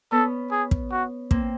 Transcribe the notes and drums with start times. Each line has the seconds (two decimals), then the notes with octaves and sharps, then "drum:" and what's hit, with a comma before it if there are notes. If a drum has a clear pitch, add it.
0.12 B3 C#4 A4
0.51 G#4
0.71 drum: kick
0.91 F#4
1.31 A#3 C4, drum: kick